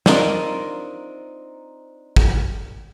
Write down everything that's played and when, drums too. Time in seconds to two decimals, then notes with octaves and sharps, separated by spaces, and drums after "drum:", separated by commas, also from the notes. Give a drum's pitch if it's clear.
0.06 C4 D4 D#4 F4 A#4, drum: snare
2.16 drum: kick